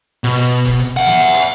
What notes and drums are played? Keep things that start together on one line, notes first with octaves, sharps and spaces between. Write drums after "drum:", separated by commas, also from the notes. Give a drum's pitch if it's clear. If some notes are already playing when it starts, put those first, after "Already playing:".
B2, drum: hi-hat
drum: hi-hat
drum: kick F1, hi-hat
drum: hi-hat
E5 F#5
drum: snare
drum: hi-hat
drum: hi-hat